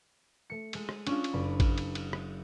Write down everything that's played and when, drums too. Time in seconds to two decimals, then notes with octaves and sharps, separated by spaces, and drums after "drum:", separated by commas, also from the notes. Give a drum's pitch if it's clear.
0.50 A3 C#7
0.73 G#3 D#7, drum: cymbal
0.89 drum: rim click
1.07 C#4 D4 F4, drum: cymbal
1.24 drum: cymbal
1.33 F#1 D5 B5
1.60 drum: kick A1, cymbal
1.78 drum: cymbal
1.95 drum: cymbal
2.13 drum: rim click